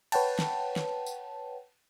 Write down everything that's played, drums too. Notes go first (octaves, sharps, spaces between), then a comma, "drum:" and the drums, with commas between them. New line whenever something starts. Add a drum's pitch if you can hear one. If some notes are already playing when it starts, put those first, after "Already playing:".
B4 C#5 F#5 G5 A5, drum: cymbal
drum: snare
drum: snare
drum: tambourine